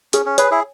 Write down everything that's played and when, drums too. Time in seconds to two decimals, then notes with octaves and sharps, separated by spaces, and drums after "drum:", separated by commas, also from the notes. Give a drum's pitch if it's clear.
0.13 C#4 G#4, drum: hi-hat
0.26 C#4
0.38 G#4 B4 C#5 G#5, drum: hi-hat
0.51 E4 G#4